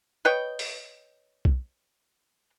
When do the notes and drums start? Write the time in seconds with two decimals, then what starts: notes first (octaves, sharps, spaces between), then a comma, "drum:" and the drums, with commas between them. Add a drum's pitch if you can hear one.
0.25 B4 C#5 D#5 G5
0.59 drum: open hi-hat
1.45 drum: kick B1